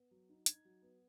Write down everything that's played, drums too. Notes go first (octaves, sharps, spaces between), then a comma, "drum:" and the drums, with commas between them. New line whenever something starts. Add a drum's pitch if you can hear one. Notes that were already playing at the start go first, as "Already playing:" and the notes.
Already playing: B3
F#3
D#4
D#4 G#6, drum: hi-hat
F#3
B3